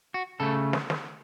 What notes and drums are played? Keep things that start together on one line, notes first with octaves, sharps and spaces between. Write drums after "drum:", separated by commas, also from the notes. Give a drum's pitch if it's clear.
F#4
C#3 A3 A4
drum: snare
drum: snare